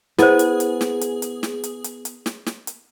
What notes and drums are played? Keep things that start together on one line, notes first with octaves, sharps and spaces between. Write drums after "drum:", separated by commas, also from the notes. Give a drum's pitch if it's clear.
B3 E4 G#4 C5, drum: snare
drum: hi-hat
drum: hi-hat
drum: snare
drum: hi-hat
drum: hi-hat
drum: snare
drum: hi-hat
drum: hi-hat
drum: hi-hat
drum: snare
drum: snare
drum: hi-hat